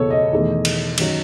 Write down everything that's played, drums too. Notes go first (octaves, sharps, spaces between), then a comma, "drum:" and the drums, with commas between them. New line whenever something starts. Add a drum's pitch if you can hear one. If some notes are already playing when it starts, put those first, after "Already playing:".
Already playing: F#1 E2 B2 A4 C#5
D#5
E1 E2 D#3 A3
drum: cymbal
F#2 D#3 F#3, drum: cymbal